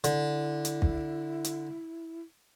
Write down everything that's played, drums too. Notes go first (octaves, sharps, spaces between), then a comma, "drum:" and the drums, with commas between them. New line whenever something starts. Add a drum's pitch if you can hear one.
D3 E4, drum: hi-hat
drum: hi-hat
drum: kick
drum: hi-hat